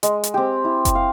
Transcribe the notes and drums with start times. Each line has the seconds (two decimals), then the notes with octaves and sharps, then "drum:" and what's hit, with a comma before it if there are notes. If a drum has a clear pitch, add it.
0.03 G#3, drum: hi-hat
0.24 drum: hi-hat
0.34 C4 G4
0.64 E4
0.85 drum: kick F#1, hi-hat
0.95 F5